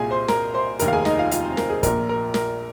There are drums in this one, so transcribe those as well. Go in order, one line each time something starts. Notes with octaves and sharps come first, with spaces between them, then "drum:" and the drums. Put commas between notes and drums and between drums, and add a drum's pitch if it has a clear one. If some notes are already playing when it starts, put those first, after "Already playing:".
Already playing: C2 A#2 F4 G#4 G#5
C5 C6
A#4 A#5, drum: snare
C5 C6
F1 D#2 D#3 A#4 A#5, drum: hi-hat
F5
G#4 G#5
D#4 D#5, drum: snare
F4 F5
F4 F5, drum: hi-hat
C4 C5
A#4, drum: snare
G#4
A#1 A#2 A#4, drum: kick, hi-hat
A#4
A#4, drum: snare